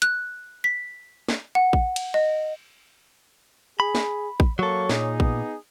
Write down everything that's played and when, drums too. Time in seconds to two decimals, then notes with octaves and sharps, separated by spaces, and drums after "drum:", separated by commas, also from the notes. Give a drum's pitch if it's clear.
0.02 F#6, drum: hi-hat
0.64 B6
1.29 drum: snare
1.55 F#5
1.73 drum: kick A1
1.96 drum: cymbal
2.14 D#5
3.80 G#4 B5
3.95 drum: snare
4.40 drum: kick A1
4.59 F#3 A#3 A4 C#5 C#6
4.89 A#2 D#4 G#4, drum: snare
5.20 B3, drum: kick A1